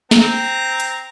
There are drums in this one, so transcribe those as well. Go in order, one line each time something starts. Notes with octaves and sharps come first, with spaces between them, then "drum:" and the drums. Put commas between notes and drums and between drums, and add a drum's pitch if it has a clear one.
C4 A#5, drum: snare
drum: hi-hat